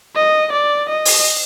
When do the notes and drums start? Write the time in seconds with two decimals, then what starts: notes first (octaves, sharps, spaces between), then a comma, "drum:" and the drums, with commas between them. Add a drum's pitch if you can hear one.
0.16 D#5
0.52 D5
0.89 D#5
1.05 drum: open hi-hat